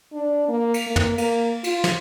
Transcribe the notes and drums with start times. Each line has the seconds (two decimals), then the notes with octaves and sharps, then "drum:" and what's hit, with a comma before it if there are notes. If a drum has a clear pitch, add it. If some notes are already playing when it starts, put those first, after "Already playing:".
0.13 D4
0.49 A#3
0.74 drum: cymbal
0.87 A#3
0.96 drum: tom
1.18 A#3, drum: cymbal
1.64 F4, drum: cymbal
1.84 drum: snare